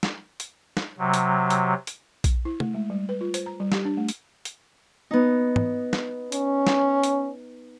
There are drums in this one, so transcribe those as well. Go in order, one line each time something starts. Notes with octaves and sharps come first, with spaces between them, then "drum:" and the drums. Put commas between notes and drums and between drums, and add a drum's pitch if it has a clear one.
drum: snare
drum: hi-hat
drum: snare
C3 F#3
drum: hi-hat
drum: hi-hat
drum: hi-hat
drum: kick A#1, hi-hat
E4
A3, drum: tom
G#3
G3
B4
F4
C5, drum: hi-hat
A#5
G3
G4, drum: snare
D4
A3
drum: hi-hat
drum: hi-hat
B3 D#4
drum: tom
drum: snare
C#4, drum: hi-hat
drum: snare
drum: hi-hat